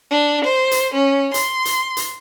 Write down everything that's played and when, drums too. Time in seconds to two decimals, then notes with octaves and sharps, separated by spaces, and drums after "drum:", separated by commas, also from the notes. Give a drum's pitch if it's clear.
0.11 D4
0.45 C5
0.71 drum: hi-hat
0.94 C#4
1.34 C6, drum: hi-hat
1.65 drum: hi-hat
1.97 drum: hi-hat